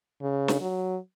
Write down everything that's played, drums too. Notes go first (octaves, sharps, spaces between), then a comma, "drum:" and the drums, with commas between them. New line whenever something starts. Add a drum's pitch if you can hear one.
C#3
drum: snare
F#3